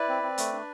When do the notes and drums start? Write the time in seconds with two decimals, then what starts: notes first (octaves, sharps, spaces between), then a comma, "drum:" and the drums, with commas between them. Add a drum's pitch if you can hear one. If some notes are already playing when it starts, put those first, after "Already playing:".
Already playing: E4 B4 D5
0.09 C4
0.23 C4
0.38 A3, drum: hi-hat
0.53 D4